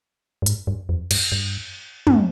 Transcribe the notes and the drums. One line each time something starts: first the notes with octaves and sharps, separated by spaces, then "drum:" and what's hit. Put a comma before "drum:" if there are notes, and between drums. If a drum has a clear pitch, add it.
G2
G#2, drum: hi-hat
G2
F2
G2, drum: cymbal
G2
G2, drum: tom